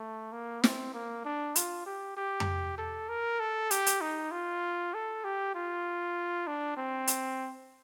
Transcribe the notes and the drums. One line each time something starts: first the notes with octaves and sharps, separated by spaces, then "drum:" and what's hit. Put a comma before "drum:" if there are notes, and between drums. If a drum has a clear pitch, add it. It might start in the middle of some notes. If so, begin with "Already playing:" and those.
Already playing: A3
A#3
C4, drum: snare
A#3
D4
F4, drum: hi-hat
G4
G4
drum: tom F2
A4
A#4
A4
G4, drum: hi-hat
drum: hi-hat
D#4
F4
A4
G4
F4
D4
C4
drum: hi-hat